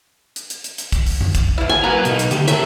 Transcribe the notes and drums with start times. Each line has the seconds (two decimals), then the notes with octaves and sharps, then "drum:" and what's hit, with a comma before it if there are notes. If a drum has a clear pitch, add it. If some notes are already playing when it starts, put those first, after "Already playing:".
0.36 drum: hi-hat
0.50 drum: hi-hat
0.64 drum: hi-hat
0.78 drum: hi-hat
0.92 drum: kick, hi-hat
1.07 drum: open hi-hat
1.21 drum: tom F2
1.35 drum: kick, hi-hat
1.58 F3 E4
1.69 G#5
1.84 A#3 B3 F#4 B4 A#5
2.05 B2 D#4, drum: hi-hat
2.19 drum: hi-hat
2.31 D3 A3 G4, drum: hi-hat
2.48 G#4 A#4 E5, drum: hi-hat